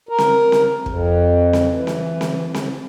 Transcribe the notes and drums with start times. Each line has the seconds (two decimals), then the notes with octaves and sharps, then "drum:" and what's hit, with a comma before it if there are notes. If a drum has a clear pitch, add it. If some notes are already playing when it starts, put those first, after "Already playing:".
0.09 A#4
0.18 drum: snare C4
0.52 drum: snare C4
0.86 F2, drum: kick
1.53 drum: snare C4
1.70 E3
1.87 drum: snare C4
2.21 drum: snare C4
2.54 drum: snare C4